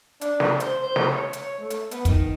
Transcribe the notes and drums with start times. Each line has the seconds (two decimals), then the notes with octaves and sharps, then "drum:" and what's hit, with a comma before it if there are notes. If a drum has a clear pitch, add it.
0.21 D4, drum: hi-hat
0.40 drum: snare
0.60 C5, drum: hi-hat
0.83 C5
0.96 drum: snare
1.07 C#5
1.33 drum: hi-hat
1.42 C#5
1.59 A3
1.70 drum: hi-hat
1.91 B3, drum: hi-hat
2.05 D#3, drum: kick, hi-hat